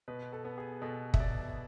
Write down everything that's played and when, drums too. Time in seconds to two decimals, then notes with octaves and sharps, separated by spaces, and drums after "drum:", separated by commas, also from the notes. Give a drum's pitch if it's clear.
0.08 B2 B4
0.33 A4
0.45 B3
0.58 G#4
0.82 B2 A4
1.14 E5, drum: kick
1.20 B2 D5